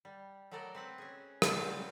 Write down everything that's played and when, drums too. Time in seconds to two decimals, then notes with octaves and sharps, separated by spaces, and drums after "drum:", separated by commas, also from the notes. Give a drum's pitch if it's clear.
0.05 G3
0.51 F#3 A3 A4 A#4 D5 D#5
0.75 C4 B4 F#5
0.98 C#4 G#4
1.42 A3 C4 D4 A4 C#5, drum: rim click
1.57 C#3 F#3 G3 A3 C4 F5